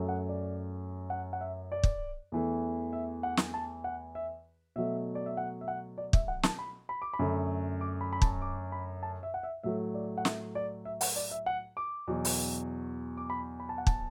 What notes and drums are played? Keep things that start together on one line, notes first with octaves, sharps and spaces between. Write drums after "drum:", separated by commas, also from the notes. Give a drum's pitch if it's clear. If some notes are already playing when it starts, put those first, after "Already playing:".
Already playing: F#2 F#3 A3
F#5
D5
F#5
F#5
E5
D5
drum: kick
E2 E3 A3
E5
F#5
drum: snare
A5
F#5
E5
B2 F#3 A3 E5
D5
E5
F#5
E5
F#5
D5
E5, drum: kick
F#5
A5, drum: snare
B5
B5
D6
B5
F#2 D3 A3
D6
B5
B5
A5, drum: kick
D6
B5
A5
E5
F#5
E5
A2 F#3 A3 E5
D5
F#5
E5, drum: snare
D5
E5
F#5, drum: open hi-hat
D5
E5
F#5
D6
E2 B2 F#3
drum: open hi-hat
D6
B5
B5
A5
F#5
A5, drum: kick